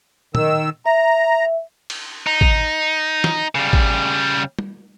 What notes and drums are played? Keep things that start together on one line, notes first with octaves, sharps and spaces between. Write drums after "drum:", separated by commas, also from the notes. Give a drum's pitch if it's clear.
D#3 E6, drum: tom
E5 A#5
drum: cymbal
D#4
drum: kick G#1
drum: snare
C#3 G3
drum: kick G#1
drum: tom G3